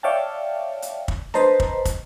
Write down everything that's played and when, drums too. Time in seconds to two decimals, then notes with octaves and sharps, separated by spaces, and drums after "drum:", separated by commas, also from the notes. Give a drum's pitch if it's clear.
0.03 C#5 D5 E5 F5 G5 A5
0.82 drum: hi-hat
1.08 drum: kick
1.34 B4 C5 D#5 A5 A#5, drum: snare D4
1.60 drum: kick
1.85 drum: kick, hi-hat